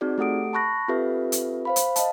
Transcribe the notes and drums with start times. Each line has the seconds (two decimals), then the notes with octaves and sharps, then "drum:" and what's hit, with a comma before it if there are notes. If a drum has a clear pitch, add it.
0.01 C4 D#4 F#4 G#4 D5
0.18 A3 G4 A4 F#5 D#6 D7
0.53 A5 B5 C#6 F#6 A#6
0.88 C4 F4 G4 A4 B4 E5
1.32 drum: hi-hat
1.65 C5 F5 B5
1.76 drum: hi-hat
1.96 D#5 F5 A5, drum: hi-hat